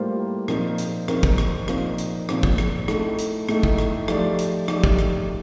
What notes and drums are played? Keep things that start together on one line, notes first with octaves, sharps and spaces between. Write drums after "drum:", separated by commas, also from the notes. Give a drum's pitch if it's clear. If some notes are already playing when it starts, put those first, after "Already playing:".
Already playing: A2 G3 A#3 F4 C5
A#2 F3 C4 D#4 A#4, drum: rim click
drum: hi-hat
A#2 F3 C4 D#4 A#4, drum: rim click
drum: kick
drum: rim click
A#2 F3 C4 D#4, drum: rim click
drum: hi-hat
A#2 F3 C4 D#4, drum: rim click
drum: kick
drum: rim click
A2 A3 D#4, drum: rim click
drum: hi-hat
A2 A3 D#4, drum: rim click
drum: kick
drum: rim click
F3 A3 D#4 G4 D5, drum: rim click
drum: hi-hat
F3 A3 D#4 G4 D5, drum: rim click
drum: kick
drum: rim click